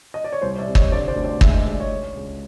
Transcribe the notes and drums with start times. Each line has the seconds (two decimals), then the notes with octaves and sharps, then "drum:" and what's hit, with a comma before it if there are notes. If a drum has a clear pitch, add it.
0.14 D#5
0.24 D5
0.32 C#5
0.42 C2 C5
0.58 D5 E5
0.67 C3
0.75 C#5 D#5, drum: kick
0.92 D3 C5 D5
1.08 C5 D5
1.16 D2
1.24 C5 D5
1.41 G#3 E5, drum: kick
1.54 D#5
1.66 G#3 D5
1.80 C#5 D#5
1.90 G#3
2.16 C#2